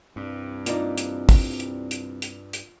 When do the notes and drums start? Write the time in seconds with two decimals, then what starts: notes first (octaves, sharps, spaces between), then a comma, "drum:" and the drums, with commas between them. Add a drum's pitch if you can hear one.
0.16 C2 G2
0.66 A#3 D4 D#4 F4, drum: hi-hat
0.98 drum: hi-hat
1.29 drum: kick, open hi-hat
1.60 drum: hi-hat
1.91 drum: hi-hat
2.22 drum: hi-hat
2.53 drum: hi-hat